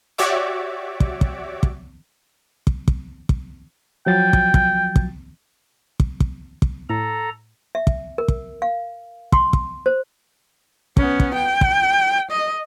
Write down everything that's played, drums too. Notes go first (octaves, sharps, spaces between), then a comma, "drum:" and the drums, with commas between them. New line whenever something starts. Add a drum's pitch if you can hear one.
F#4 G4 C#5 D5 E5 D6
drum: kick
drum: kick
drum: kick
drum: kick
drum: kick
drum: kick
F3 F#3 G5 A6
drum: kick
drum: kick
drum: kick
drum: kick
drum: kick
drum: kick
A2 A4 A#5
E5
drum: kick
A#4
drum: kick
F5
C6, drum: kick
drum: kick
C5
B3 C#4, drum: kick
drum: kick
G5
drum: kick
D#5